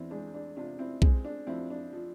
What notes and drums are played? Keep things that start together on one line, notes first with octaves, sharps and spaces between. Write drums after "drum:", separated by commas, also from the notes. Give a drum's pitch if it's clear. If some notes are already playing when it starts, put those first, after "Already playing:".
Already playing: E2 C4 D4 E4
G#3 D4
D4
C3 D4 F4
C4 E4
G#3 C4, drum: kick B1
D4
F2 C4 E4
D4
F3